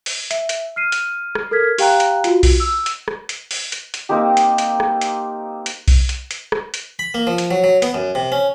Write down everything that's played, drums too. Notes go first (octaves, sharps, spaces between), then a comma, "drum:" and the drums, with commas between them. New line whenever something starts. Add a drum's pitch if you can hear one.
drum: open hi-hat
E5, drum: hi-hat
drum: hi-hat
F6 C7 D#7
drum: hi-hat
drum: rim click
A4 A#4 F6 G#6 B6
G4 F5 G5 A#5 F#6, drum: open hi-hat
drum: hi-hat
F4 F#4, drum: hi-hat
drum: kick B1, open hi-hat
E6
drum: hi-hat
drum: rim click
drum: hi-hat
drum: open hi-hat
drum: hi-hat
drum: hi-hat
A#3 C4 D#4 G4
drum: hi-hat
drum: hi-hat
drum: rim click
drum: hi-hat
drum: hi-hat
drum: kick B1, open hi-hat
drum: hi-hat
drum: hi-hat
drum: rim click
drum: hi-hat
B5
A#3
F3
drum: hi-hat
F#3
F#3
B3, drum: hi-hat
F#2
C3
C#4